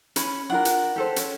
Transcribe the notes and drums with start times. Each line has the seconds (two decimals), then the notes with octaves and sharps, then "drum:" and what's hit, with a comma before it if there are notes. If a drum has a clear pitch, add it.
0.16 C#4 B5, drum: hi-hat
0.50 D4 F4 A#4 F#5
0.65 drum: hi-hat
0.96 G4 A4 C5
1.16 C#4, drum: hi-hat